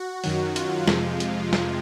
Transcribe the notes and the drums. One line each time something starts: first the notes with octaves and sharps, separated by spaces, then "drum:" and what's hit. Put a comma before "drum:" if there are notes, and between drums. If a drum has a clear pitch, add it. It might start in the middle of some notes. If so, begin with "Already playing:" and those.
Already playing: F#4
F#2 D#3 F#3, drum: open hi-hat
F4, drum: hi-hat
F2 C3 F3 G#3, drum: snare
drum: hi-hat
drum: snare